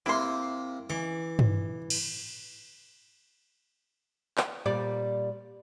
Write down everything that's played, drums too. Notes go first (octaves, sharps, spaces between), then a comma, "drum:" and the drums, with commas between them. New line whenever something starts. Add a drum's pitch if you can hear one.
C3 A#3 E4 C6
E3 D6
drum: tom
drum: cymbal
drum: clap
A#2 G3 D5